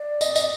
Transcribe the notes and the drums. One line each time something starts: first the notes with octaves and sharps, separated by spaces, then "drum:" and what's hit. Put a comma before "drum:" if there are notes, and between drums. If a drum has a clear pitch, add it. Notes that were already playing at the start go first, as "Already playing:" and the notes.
Already playing: D5
D#5, drum: tambourine
D#5, drum: tambourine